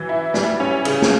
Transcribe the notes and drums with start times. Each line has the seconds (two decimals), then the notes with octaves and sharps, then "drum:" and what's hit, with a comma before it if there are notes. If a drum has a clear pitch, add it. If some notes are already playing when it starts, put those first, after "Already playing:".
Already playing: E3 F#3
0.09 E4
0.34 G3, drum: snare
0.60 C#4
0.85 C#3, drum: cymbal
1.02 drum: snare